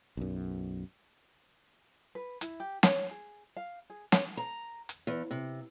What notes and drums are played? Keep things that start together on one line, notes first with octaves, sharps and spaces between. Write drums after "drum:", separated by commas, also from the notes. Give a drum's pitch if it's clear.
B1 F#2
B4
E4, drum: hi-hat
G4
C#5, drum: snare
G#4
F5
G#4
C#5, drum: snare
A#5
drum: hi-hat
E2
C3